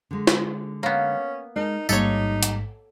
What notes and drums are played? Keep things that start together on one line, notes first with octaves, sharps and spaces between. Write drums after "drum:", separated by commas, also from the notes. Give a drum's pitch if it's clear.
D3 G#3
drum: snare
A#3 B3 C#4
G#3 D#4 A#4 A5
A1 G#2 G3 A#3 D#4 A4 C#5 B6, drum: tambourine
drum: hi-hat